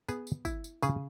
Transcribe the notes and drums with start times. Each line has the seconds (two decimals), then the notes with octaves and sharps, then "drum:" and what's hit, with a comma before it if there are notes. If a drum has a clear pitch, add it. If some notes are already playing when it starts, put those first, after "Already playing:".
0.09 B3 G#4, drum: tambourine
0.27 drum: tambourine
0.45 E4, drum: kick, tambourine
0.64 drum: tambourine
0.82 C#3 G#4, drum: tambourine